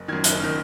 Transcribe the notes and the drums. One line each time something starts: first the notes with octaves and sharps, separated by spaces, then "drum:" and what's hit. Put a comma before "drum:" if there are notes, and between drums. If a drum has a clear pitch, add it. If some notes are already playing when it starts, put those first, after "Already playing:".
Already playing: F#1
F#2 D#3 G#6
F#1 F#6, drum: hi-hat
D#3 F6